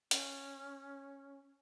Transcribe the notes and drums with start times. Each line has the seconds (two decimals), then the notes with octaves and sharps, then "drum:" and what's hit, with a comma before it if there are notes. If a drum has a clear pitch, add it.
0.11 C#4, drum: hi-hat